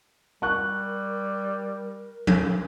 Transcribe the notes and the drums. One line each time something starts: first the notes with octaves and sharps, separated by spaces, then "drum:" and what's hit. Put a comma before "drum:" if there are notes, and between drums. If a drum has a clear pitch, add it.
G3 A#4 C#6 F#6
drum: tom F3